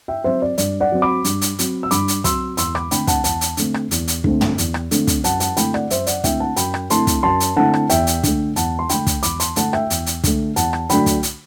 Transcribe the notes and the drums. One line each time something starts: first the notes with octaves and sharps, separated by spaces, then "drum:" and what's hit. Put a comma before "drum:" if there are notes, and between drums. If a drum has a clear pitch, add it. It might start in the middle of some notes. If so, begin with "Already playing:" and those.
E5 G5
F#3 C4 C5 E5
D5
G2 D5, drum: hi-hat
D5 F#5
F#3 C4
B5 D6
G2, drum: hi-hat
drum: hi-hat
F#3 C4, drum: hi-hat
E6
G2 B5 D6, drum: hi-hat
drum: hi-hat
F#3 C4 C6 E6, drum: kick, hi-hat
E2 C6 E6, drum: hi-hat
B5 D6, drum: rim click
D3 A3 C4 G5 B5, drum: hi-hat
F#5 A5, drum: kick, hi-hat
E2 F#5 A5, drum: hi-hat
drum: hi-hat
D3 A3 C4, drum: hi-hat
drum: rim click
E2, drum: hi-hat
drum: hi-hat
D3 A3 C4, drum: kick
drum: tom
E2, drum: hi-hat
drum: rim click
D3 A3 C4, drum: hi-hat
drum: kick, hi-hat
F#2 F#5 A5, drum: hi-hat
F#5 A5, drum: hi-hat
D3 A3 C4 E4 G5 B5, drum: hi-hat
D5 F#5, drum: rim click
F#2 C5 E5, drum: hi-hat
D5 F#5, drum: hi-hat
D3 A3 C4 E4 E5 G5, drum: kick, hi-hat
F#5 A5
F#2 G5 B5, drum: hi-hat
drum: rim click
D3 A3 C4 E4 A5 C6, drum: hi-hat
drum: kick, hi-hat
F#2 A5 C6
drum: hi-hat
D3 A3 C4 E4 F#5 A5
drum: rim click
E2 E5 G5, drum: hi-hat
drum: hi-hat
D3 A3, drum: kick, hi-hat
E2 F#5 A5, drum: hi-hat
C6
D3 A3 G5 B5, drum: hi-hat
drum: kick, hi-hat
E2 B5 D6, drum: hi-hat
A5 C6, drum: hi-hat
D3 A3 F#5 A5, drum: hi-hat
E5 G5, drum: rim click
E2, drum: hi-hat
drum: hi-hat
D3 A3, drum: kick, hi-hat
E2 F#5 A5, drum: hi-hat
drum: rim click
D3 F#3 A3 D4 G5 B5, drum: hi-hat
drum: kick, hi-hat
drum: hi-hat